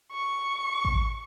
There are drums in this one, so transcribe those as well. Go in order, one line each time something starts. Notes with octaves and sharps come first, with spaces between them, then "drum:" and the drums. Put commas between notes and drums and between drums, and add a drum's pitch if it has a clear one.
C#6
drum: kick A1